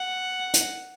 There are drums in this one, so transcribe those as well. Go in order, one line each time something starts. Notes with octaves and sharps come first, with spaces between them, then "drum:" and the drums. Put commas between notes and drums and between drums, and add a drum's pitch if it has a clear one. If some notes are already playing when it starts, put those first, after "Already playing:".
Already playing: F#5
drum: hi-hat